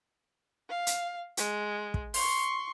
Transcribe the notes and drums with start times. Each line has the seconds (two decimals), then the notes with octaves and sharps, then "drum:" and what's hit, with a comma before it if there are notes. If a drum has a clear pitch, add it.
0.69 F5
0.87 drum: hi-hat
1.37 G#3, drum: hi-hat
1.94 drum: kick
2.14 C6 C#6, drum: open hi-hat